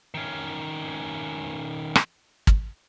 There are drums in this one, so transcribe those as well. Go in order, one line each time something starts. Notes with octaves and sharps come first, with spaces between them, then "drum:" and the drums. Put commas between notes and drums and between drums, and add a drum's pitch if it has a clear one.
D#3 C#4
drum: rim click
drum: kick